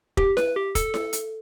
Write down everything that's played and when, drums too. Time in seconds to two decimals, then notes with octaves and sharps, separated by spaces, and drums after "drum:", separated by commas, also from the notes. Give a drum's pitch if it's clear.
0.17 G4, drum: kick
0.37 B4, drum: snare E4
0.56 G4
0.75 A4, drum: kick, hi-hat
0.94 drum: snare E4
1.13 drum: hi-hat